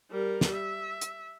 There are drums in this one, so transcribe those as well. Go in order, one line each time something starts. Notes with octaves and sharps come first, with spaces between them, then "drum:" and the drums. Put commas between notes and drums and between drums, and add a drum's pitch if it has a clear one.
G3 A#4
drum: snare
E5
drum: hi-hat